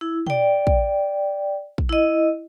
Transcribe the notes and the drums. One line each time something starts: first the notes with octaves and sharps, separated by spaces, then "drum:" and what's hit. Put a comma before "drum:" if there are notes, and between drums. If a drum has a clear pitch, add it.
E4
D5 G5, drum: tom
drum: kick
drum: kick
E4 D#5